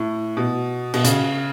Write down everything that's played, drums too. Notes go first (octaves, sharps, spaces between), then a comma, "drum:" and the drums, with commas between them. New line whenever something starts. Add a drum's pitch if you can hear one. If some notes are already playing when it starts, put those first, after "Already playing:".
Already playing: A2
B2
B2, drum: cymbal
C#3, drum: hi-hat